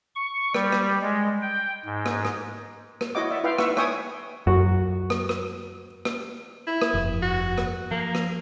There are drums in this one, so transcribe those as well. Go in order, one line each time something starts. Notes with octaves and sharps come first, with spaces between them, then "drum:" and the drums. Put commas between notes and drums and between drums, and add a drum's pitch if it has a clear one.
C#6
G3, drum: rim click
drum: rim click
G#3
G5
G#2
drum: rim click
drum: rim click
drum: rim click
E4 F#4 C#5 D#5 F#5 D6
D5 E5 F#5
E4 F4 B4 E5 F5 G5
D#4 B4 E5 F#5 C#6 E6, drum: rim click
C#5 E5 G5 G#5 C#6 D#6, drum: rim click
F#2 F#4
drum: rim click
drum: rim click
drum: rim click
E4
drum: rim click
F1 G2 F3
F#4
drum: rim click
F3 A#3
drum: rim click